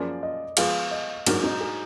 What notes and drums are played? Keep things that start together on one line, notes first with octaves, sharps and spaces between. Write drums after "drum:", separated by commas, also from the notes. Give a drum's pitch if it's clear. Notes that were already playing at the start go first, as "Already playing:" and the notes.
Already playing: F#2 F3 A#3 F4 G#4 D5
D#5
F3 G#3 B3 F4 G#4 F5, drum: cymbal
D#5
G#2 F#3 A#3 D4 F#4, drum: cymbal
D#4
G#4